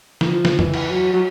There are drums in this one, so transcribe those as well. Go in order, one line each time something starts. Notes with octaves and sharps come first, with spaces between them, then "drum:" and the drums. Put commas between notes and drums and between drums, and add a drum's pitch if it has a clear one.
E3, drum: snare
F3
drum: snare
E3, drum: tom F2
drum: cymbal
F#3
F#3